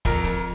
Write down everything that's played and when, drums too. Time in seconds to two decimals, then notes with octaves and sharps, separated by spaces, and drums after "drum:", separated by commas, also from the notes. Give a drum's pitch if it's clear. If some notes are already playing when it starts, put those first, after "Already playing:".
0.05 F2 A#4, drum: kick, hi-hat
0.25 drum: hi-hat